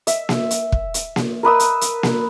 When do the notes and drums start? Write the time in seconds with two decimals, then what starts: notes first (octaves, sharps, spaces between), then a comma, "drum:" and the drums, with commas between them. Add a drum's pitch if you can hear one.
0.07 E5, drum: hi-hat
0.29 drum: snare A#3
0.51 drum: hi-hat
0.72 drum: kick
0.94 drum: hi-hat
1.16 drum: snare A#3
1.43 A#4 B4 D#6 E6
1.60 drum: hi-hat
1.81 drum: hi-hat
2.03 drum: snare A#3